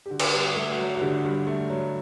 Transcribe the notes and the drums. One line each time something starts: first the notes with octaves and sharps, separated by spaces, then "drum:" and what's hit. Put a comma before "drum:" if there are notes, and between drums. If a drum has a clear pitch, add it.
G4
D3 F#4
drum: cymbal
G2 F#4
G4
A3
F#4
F#3
F#4
D3 G4
G2
A3
F#3